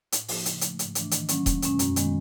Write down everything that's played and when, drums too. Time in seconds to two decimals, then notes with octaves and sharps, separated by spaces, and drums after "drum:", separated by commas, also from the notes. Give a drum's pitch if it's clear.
0.12 A2, drum: hi-hat
0.28 F3 A#3 D#4, drum: open hi-hat
0.45 C#3, drum: hi-hat
0.61 F3 A3, drum: hi-hat
0.79 G#2, drum: hi-hat
0.95 E3 A3 D4, drum: hi-hat
1.11 D#3, drum: hi-hat
1.29 F#3 A#3 C#4, drum: hi-hat
1.46 E2, drum: kick D#1, hi-hat
1.62 B2 G#3 C#4, drum: hi-hat
1.79 F#2, drum: hi-hat
1.96 D#3 G#3 B3, drum: hi-hat